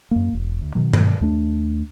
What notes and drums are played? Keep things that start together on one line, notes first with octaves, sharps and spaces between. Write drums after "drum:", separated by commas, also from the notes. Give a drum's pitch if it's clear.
F#2 A#3
E1
D2
B2 D#3 F#3
drum: tom G2
D#2 A3 D4